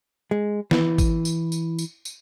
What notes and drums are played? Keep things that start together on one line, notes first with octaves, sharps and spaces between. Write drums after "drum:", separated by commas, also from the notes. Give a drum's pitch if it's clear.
G#3
E3, drum: snare
drum: kick G#1, tambourine
drum: tambourine
drum: tambourine
drum: tambourine
drum: tambourine